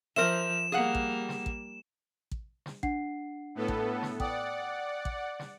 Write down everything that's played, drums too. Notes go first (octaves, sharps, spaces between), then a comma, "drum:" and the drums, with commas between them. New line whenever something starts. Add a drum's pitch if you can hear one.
F3 A#4 C5 E5 E7
G3 A#3 G#4 F5 F#5
drum: kick
drum: snare
drum: kick
drum: kick
drum: snare
D4 F#5 C7, drum: kick
A2 B3 A4
drum: kick
drum: snare
D5 F#5 G5 D#6, drum: kick
drum: kick
drum: snare